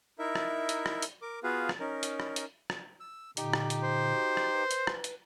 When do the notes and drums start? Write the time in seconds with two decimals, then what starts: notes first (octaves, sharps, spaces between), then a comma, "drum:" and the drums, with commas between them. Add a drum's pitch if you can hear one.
0.19 D#4 E4 A#4 E5
0.35 drum: rim click
0.69 drum: hi-hat
0.86 drum: rim click
1.02 drum: hi-hat
1.22 A#4 D6
1.43 B3 F4 F#4 G#4 B4 F5
1.69 drum: rim click
1.80 C#4 D#4 A#4
2.03 drum: hi-hat
2.20 drum: rim click
2.36 drum: hi-hat
2.70 drum: rim click
3.00 E6
3.37 A#2 D3 D#4 G4, drum: hi-hat
3.53 drum: rim click
3.70 drum: hi-hat
3.83 C5
4.13 F#4
4.37 drum: rim click
4.52 B4
4.71 drum: hi-hat
4.87 drum: rim click
5.04 drum: hi-hat